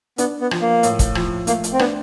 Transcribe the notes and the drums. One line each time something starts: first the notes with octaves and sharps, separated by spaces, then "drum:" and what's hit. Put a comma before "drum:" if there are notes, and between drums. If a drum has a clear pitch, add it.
B3 D4, drum: hi-hat
B3
F3, drum: rim click
A#3
A2, drum: hi-hat
drum: kick, hi-hat
F3, drum: rim click
A3 A#3, drum: hi-hat
drum: hi-hat
C4
B3 D4, drum: rim click